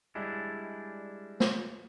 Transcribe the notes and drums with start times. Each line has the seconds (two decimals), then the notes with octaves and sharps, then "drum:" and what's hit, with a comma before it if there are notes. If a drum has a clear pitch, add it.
0.15 G3 G#3 D4 E4
1.40 drum: snare